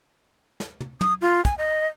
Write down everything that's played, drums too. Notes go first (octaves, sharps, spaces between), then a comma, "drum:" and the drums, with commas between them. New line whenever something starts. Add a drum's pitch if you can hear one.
drum: snare
drum: tom
D#6, drum: tom
F4
G#5, drum: kick, hi-hat
D#5